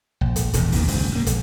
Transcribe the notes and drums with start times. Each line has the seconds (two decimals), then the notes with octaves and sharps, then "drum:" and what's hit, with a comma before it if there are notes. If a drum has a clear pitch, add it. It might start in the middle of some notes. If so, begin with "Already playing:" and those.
0.21 A#1
0.36 drum: kick, hi-hat
0.53 E1 E2 A2, drum: hi-hat
0.72 D#2 A#2 D#3, drum: kick, open hi-hat
0.88 F#1 C#2 G2, drum: open hi-hat
1.11 G#2 A#3
1.26 A#1, drum: hi-hat